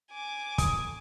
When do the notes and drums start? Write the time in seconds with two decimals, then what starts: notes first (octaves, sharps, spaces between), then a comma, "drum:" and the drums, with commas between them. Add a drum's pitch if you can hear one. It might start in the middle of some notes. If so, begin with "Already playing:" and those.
0.12 G#5 D6
0.58 D#6, drum: kick, hi-hat